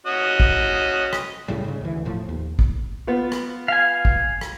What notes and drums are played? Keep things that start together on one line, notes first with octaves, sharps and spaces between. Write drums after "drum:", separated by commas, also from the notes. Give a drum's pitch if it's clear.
C#4 F#4 D#5
drum: kick
drum: rim click
C#2 A2 C#3 G3
G#2 C#3
D2 E3
E1 A2 F3
D#2
drum: kick
B3 F4
drum: rim click
F5 G#5
drum: kick
drum: rim click